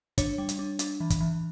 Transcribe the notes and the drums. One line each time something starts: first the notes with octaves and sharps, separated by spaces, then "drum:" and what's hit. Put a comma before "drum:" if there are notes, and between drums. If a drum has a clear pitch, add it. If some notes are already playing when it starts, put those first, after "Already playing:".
D4 C#5, drum: kick, hi-hat
G3
drum: hi-hat
D4
D4, drum: hi-hat
E3
drum: kick, hi-hat
E3